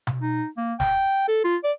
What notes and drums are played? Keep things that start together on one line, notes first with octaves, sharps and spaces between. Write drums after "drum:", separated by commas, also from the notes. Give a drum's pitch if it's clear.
drum: tom B2
D#4
A#3
G5, drum: snare
A4
F4
D5